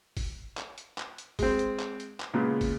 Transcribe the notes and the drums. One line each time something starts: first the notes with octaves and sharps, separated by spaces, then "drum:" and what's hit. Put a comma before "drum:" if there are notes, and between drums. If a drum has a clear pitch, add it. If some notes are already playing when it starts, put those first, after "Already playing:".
drum: kick, open hi-hat
drum: clap
drum: hi-hat
drum: clap
drum: hi-hat
G#3 C4, drum: kick, open hi-hat
drum: hi-hat
drum: clap
drum: hi-hat
drum: clap
A#2 C#3 G#3 B3
drum: kick, open hi-hat